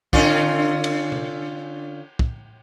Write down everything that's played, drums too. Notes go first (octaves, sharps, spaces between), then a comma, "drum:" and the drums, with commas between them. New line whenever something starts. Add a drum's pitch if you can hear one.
D3 C#4 F4, drum: kick
drum: cymbal
drum: tom C3
drum: kick